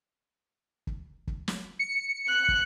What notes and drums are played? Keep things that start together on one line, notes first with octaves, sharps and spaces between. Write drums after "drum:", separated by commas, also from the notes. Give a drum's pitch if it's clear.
drum: kick
drum: kick
drum: snare
C#7
F#6
drum: kick